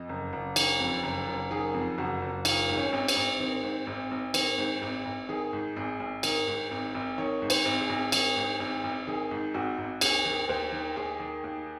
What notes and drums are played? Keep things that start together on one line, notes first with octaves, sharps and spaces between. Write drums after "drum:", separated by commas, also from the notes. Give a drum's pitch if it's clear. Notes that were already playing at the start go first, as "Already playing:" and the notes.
Already playing: F2 D#5
F#1
F#1
D#3, drum: cymbal
F2
F#1
F#1
D#3 G#4
F2
F#1 F#4
F#1
D#3 F4, drum: cymbal
G#2
C#4
G#1
C4, drum: cymbal
G#1
D#3 C4
G#2
G#1
G#1
D#3 C4, drum: cymbal
G#2
G#1
G#1
D#3 G#4
G#2
G#1 G#4
G#1
D#3 A#4, drum: cymbal
G#2
G#1
G#1
D#3 C#5
G#2
C5, drum: cymbal
G#1
G#4
G#1
D#3, drum: cymbal
G#2
G#1
G#1
D#3 G#4
G#2
G#1 F#4
G#1
D#2 G#4, drum: cymbal
D#3
D#2 C5
D#3
D#2 G#4
D#3
D#2